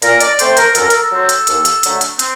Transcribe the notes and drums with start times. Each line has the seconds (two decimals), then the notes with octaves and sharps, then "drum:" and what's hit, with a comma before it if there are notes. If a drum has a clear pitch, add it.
0.02 A#2 A#4, drum: hi-hat
0.20 D5, drum: hi-hat
0.39 A3 C4 C5, drum: hi-hat
0.57 A#4, drum: hi-hat
0.75 F#2 A4, drum: hi-hat
0.83 A#4
0.90 A4, drum: hi-hat
1.11 F#3 C4
1.29 drum: hi-hat
1.47 D#2, drum: hi-hat
1.65 drum: hi-hat
1.83 D3 F#3 A3, drum: hi-hat
2.01 drum: hi-hat
2.19 C4, drum: hi-hat